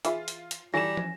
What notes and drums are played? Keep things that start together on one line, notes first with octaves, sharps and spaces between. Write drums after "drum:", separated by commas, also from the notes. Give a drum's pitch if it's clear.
E3 E4 F4 G#4, drum: hi-hat
drum: hi-hat
drum: hi-hat
E3 F#3 G3 A4 G#5 A#6 E7
drum: tom